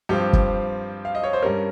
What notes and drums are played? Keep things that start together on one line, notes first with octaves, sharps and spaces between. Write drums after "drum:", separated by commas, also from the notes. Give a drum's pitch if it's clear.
G2 F3 C4 G4
drum: kick
F5
D#5
C#5
C5
G2 G3 C#4 A#4